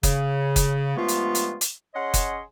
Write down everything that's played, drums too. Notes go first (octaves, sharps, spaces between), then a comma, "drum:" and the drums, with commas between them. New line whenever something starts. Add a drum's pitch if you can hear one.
C#3, drum: kick F#1, hi-hat
drum: kick F#1, hi-hat
G2 F3 G#3 A3 B3 F4
drum: hi-hat
drum: hi-hat
drum: hi-hat
C#4 G#4 C#5 D#5 F#5 C6
drum: kick F#1, hi-hat